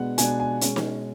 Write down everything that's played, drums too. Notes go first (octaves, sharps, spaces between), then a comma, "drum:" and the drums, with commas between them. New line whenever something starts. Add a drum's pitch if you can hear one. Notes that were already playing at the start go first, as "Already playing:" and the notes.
Already playing: B2 G#3 B3 D4 F#5
B2 G#3 B3 D4 G#5, drum: hi-hat
G#5
B2 G#3 C#4, drum: hi-hat
drum: snare